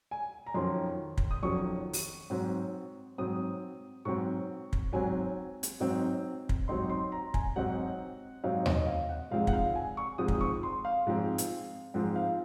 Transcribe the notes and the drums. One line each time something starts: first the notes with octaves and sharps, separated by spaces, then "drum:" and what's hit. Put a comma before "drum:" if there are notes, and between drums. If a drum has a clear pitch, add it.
G#5
A#5
F2 D#3 F#3 C#4 C6
drum: kick
D#6
F2 D#3 F#3 C#4 C#6
drum: open hi-hat
G#2 F#3 C4
G#2 F#3 C4 D#6
G#2 F#3 C4 C#6
drum: kick
G#2 F#3 C4 G#5
drum: hi-hat
G#2 F#3 C4 D#4
drum: kick
G#2 F#3 C4 D#4 C6
C6
A#5
G#5, drum: kick
G#2 F#3 C4 D#4 F#5
G#2 F#3 C4 D#4 F5
D#5, drum: tom D#2
F5
F#5
G#2 F3 G#3 C4 F5
F#5, drum: kick
F5
G#5
C#6
G#2 F3 G#3 C4 D#6
drum: kick
C#6
C6
F5
G#2 F3 G#3 C4
drum: hi-hat
G#2 F3 G#3 C4
F5